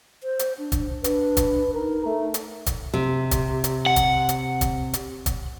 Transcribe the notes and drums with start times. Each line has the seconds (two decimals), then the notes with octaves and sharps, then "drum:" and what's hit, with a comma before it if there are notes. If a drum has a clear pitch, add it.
0.23 C5
0.39 drum: hi-hat
0.58 D4
0.72 drum: kick E1, hi-hat
1.04 D4 B4, drum: hi-hat
1.37 drum: kick E1, hi-hat
1.74 D#4 A#4
2.05 A3
2.34 drum: hi-hat
2.66 drum: kick E1, hi-hat
2.94 C3
3.31 drum: kick E1, hi-hat
3.64 drum: hi-hat
3.86 F#5
3.96 drum: kick E1, hi-hat
4.29 drum: hi-hat
4.61 drum: kick E1, hi-hat
4.93 drum: hi-hat
5.26 drum: kick E1, hi-hat